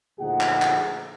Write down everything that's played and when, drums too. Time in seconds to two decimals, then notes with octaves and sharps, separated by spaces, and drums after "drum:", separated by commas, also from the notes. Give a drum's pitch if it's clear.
0.19 D2 A#2 F3 D#4 G#4 F#5
0.40 drum: clap
0.62 drum: clap